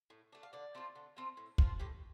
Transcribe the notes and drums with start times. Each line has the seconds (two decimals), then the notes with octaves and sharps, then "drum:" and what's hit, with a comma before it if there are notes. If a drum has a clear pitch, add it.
0.10 A2
0.32 A3 D4
0.43 F5
0.53 D3 D5
0.75 A3 C4 F4
0.96 D3
1.17 A3 C4 F4
1.37 A2
1.58 F3 C4 F4, drum: kick
1.79 A2 G4